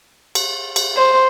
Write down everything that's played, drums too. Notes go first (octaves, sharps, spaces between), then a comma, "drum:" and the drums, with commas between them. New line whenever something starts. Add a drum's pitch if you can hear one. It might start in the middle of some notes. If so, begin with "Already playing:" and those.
drum: cymbal
drum: cymbal
C5